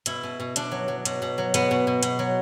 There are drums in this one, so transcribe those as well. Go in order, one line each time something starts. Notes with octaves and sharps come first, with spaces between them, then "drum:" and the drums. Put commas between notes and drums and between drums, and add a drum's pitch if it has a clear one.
B2 E4, drum: hi-hat
B2
B2
B2 D4, drum: hi-hat
F#3
F#3
B2, drum: hi-hat
B2
F#3
B2 B3, drum: hi-hat
B2
B2
B2, drum: hi-hat
F#3